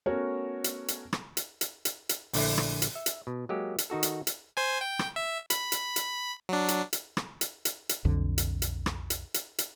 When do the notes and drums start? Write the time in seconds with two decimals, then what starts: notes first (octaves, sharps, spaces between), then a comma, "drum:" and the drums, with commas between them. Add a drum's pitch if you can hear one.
0.06 A3 B3 C#4 F#4 A#4 C#5
0.64 drum: hi-hat
0.88 drum: hi-hat
1.13 drum: rim click
1.37 drum: hi-hat
1.61 drum: hi-hat
1.85 drum: hi-hat
2.09 drum: hi-hat
2.33 A#1 D3 A3 E4, drum: open hi-hat
2.58 drum: rim click
2.82 drum: hi-hat
2.95 E5
3.06 drum: hi-hat
3.27 B2
3.49 F#3 G#3 A#3 G4
3.78 drum: hi-hat
3.90 D#3 D#4 F#4 A4
4.03 drum: hi-hat
4.27 drum: hi-hat
4.57 C5 G#5
4.81 G5
4.99 drum: rim click
5.16 E5
5.50 B5, drum: hi-hat
5.72 drum: hi-hat
5.96 drum: hi-hat
6.49 F#3 D4
6.68 drum: hi-hat
6.93 drum: hi-hat
7.17 drum: rim click
7.41 drum: hi-hat
7.65 drum: hi-hat
7.89 drum: hi-hat
8.05 B1 F2 D3
8.38 drum: hi-hat
8.62 drum: hi-hat
8.86 drum: rim click
9.10 drum: hi-hat
9.34 drum: hi-hat
9.58 drum: hi-hat